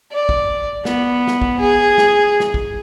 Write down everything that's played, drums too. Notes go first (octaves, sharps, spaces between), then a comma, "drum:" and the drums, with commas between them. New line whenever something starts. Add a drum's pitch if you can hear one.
D5
drum: kick
B3, drum: snare
drum: snare
drum: kick
G#4
drum: snare
drum: snare
drum: kick